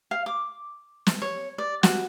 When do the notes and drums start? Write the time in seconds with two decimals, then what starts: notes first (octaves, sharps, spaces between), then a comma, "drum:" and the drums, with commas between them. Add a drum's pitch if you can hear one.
0.11 F5
0.26 D6
1.07 drum: snare
1.22 C#5
1.58 D5
1.83 F#4, drum: snare